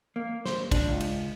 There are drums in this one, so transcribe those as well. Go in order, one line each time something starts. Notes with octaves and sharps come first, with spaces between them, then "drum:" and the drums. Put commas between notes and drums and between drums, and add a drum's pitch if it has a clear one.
A#3
C5, drum: snare
D4, drum: kick, cymbal
C#2
drum: cymbal